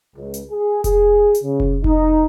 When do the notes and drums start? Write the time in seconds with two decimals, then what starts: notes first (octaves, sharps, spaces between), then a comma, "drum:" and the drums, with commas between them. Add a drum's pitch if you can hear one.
0.16 C#2
0.34 drum: hi-hat
0.51 G#4
0.84 G#4, drum: kick F1, hi-hat
1.35 drum: hi-hat
1.44 C#3
1.60 drum: kick F1
1.84 D#4, drum: kick F1